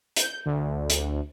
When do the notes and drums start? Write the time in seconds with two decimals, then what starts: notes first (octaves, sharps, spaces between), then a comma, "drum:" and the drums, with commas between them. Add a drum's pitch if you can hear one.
0.16 G6, drum: hi-hat
0.46 D2
0.90 drum: hi-hat